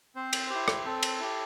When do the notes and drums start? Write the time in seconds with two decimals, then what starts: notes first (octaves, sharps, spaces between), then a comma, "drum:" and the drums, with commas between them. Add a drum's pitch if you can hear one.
0.16 C4 C5
0.33 drum: cymbal
0.50 G4 C5
0.55 E4
0.68 drum: rim click
0.86 C4 A4
1.03 drum: cymbal
1.20 E4 G4